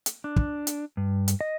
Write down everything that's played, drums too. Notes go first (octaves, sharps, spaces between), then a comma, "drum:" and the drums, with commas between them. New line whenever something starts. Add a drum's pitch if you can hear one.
drum: hi-hat
D4
drum: kick
drum: hi-hat
G2
drum: hi-hat
D#5